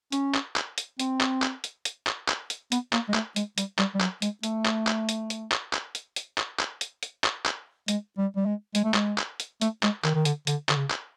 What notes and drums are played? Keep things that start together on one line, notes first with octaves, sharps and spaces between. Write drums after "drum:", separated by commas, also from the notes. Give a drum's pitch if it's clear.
C#4, drum: hi-hat
drum: clap
drum: clap
drum: hi-hat
C4, drum: hi-hat
drum: clap
drum: clap
drum: hi-hat
drum: hi-hat
drum: clap
drum: clap
drum: hi-hat
B3, drum: hi-hat
A#3, drum: clap
G#3
A3, drum: clap
G#3, drum: hi-hat
G3, drum: hi-hat
G3, drum: clap
G3
F#3, drum: clap
G#3, drum: hi-hat
A3, drum: hi-hat
drum: clap
drum: clap
drum: hi-hat
drum: hi-hat
drum: clap
drum: clap
drum: hi-hat
drum: hi-hat
drum: clap
drum: clap
drum: hi-hat
drum: hi-hat
drum: clap
drum: clap
G#3, drum: hi-hat
G3
G3
G#3
G#3, drum: hi-hat
A3
G#3, drum: clap
drum: clap
drum: hi-hat
A3, drum: hi-hat
G#3, drum: clap
D#3, drum: clap
D#3
D3, drum: hi-hat
D3, drum: hi-hat
D3, drum: clap
C#3
drum: clap